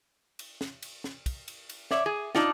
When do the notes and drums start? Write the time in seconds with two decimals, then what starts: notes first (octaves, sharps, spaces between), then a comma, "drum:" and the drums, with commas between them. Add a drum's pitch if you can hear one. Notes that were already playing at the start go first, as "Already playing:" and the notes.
0.39 drum: cymbal
0.61 drum: snare
0.83 drum: cymbal
1.04 drum: snare
1.26 drum: kick, cymbal
1.48 drum: cymbal
1.69 drum: cymbal
1.91 C#5 D5 E5, drum: snare
2.06 G#4
2.35 D4 D#4 F4, drum: snare